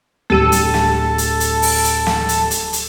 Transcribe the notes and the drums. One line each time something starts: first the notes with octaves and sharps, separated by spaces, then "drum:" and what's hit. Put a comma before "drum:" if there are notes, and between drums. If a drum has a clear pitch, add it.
D1 G3 A4 D#7
drum: hi-hat
drum: snare
drum: hi-hat
drum: hi-hat
drum: open hi-hat
drum: hi-hat
drum: snare
drum: hi-hat
drum: hi-hat
drum: hi-hat